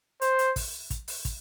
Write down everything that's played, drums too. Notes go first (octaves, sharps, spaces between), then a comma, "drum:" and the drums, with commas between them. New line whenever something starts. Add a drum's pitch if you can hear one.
C5, drum: hi-hat
drum: hi-hat
drum: kick, open hi-hat
drum: kick, hi-hat
drum: open hi-hat
drum: kick, hi-hat